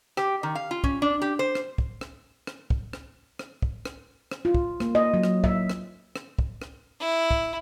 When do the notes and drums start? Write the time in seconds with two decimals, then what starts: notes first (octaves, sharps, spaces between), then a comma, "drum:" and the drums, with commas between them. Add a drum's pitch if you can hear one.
0.17 G4, drum: rim click
0.43 D#3
0.55 F5
0.71 F4
0.84 C#4, drum: kick
1.02 D4
1.22 G4
1.39 C5
1.55 drum: rim click
1.78 drum: kick
2.01 drum: rim click
2.47 drum: rim click
2.70 drum: kick
2.93 drum: rim click
3.39 drum: rim click
3.62 drum: kick
3.85 drum: rim click
4.31 drum: rim click
4.45 F4
4.54 drum: kick
4.80 A#3, drum: rim click
4.95 D#5
5.14 F#3
5.23 drum: rim click
5.44 E5, drum: kick
5.70 drum: rim click
6.16 drum: rim click
6.39 drum: kick
6.62 drum: rim click
7.00 E4
7.31 drum: kick